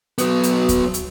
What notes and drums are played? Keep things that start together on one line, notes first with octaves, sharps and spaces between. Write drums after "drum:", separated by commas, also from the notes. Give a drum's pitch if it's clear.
F#3 B3, drum: hi-hat
drum: hi-hat
drum: kick D2, hi-hat
drum: hi-hat